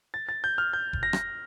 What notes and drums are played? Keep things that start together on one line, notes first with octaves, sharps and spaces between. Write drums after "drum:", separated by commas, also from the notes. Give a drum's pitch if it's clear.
A6
A6
G6
F6
G6
drum: kick F1
A#6
drum: rim click